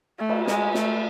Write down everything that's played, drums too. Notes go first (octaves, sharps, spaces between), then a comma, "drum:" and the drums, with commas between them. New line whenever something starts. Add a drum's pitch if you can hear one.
A3
drum: cymbal
G#3, drum: snare
A3, drum: snare